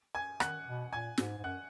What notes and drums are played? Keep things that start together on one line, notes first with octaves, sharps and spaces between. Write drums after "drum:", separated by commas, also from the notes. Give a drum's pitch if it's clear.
G#5 G#6
D#3 F#5 F#6, drum: rim click
B2
A#2 G#5 G#6
G#2, drum: snare
G#2
F#2 F#5 F#6